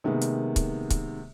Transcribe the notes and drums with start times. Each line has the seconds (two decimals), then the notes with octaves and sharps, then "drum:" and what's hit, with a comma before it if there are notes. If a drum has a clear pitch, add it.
0.04 C3 D#3 G#3 A#3 B3
0.21 drum: hi-hat
0.56 drum: kick C#1, hi-hat
0.90 drum: kick C#1, hi-hat